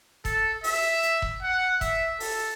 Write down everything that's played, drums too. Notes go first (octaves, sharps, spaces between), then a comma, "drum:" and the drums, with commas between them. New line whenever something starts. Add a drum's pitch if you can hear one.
A4, drum: kick F1, hi-hat
E5, drum: open hi-hat
drum: hi-hat
drum: kick F1
F#5
E5, drum: kick F1, hi-hat
A4, drum: open hi-hat